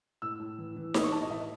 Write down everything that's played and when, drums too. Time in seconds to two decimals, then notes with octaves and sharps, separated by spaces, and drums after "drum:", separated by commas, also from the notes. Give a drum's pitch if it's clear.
0.22 A2 E6
0.40 A2
0.59 E3
0.76 E3
0.94 A2 D#6, drum: snare D#4
1.03 C#6
1.12 A2 A5
1.22 D#5
1.30 E3 E5
1.39 D#5